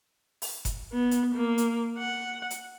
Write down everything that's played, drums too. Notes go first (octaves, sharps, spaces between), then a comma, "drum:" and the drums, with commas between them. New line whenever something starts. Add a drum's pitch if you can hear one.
drum: open hi-hat
drum: kick F#1, hi-hat
B3
drum: hi-hat
A#3
drum: hi-hat
F#5
drum: hi-hat